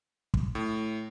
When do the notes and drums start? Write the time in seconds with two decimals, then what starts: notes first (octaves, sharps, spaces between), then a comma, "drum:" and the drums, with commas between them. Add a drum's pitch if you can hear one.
0.34 drum: kick
0.55 A2